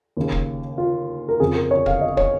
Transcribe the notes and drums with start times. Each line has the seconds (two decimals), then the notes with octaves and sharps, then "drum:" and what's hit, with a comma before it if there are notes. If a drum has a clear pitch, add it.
0.17 D#2 C#3
0.32 drum: kick
0.78 F4
1.29 A#4
1.40 F2 C#3 G#4
1.55 A#4
1.71 C#5
1.86 F5, drum: kick
2.01 D#5
2.17 C#5, drum: kick